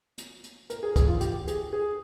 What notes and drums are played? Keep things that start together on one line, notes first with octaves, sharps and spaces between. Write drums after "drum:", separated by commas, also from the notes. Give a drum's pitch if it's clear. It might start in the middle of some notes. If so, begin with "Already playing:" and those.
drum: hi-hat
drum: hi-hat
A#4, drum: hi-hat
G#4
G#4, drum: kick, hi-hat
F4
G4, drum: hi-hat
G#4, drum: hi-hat
G#4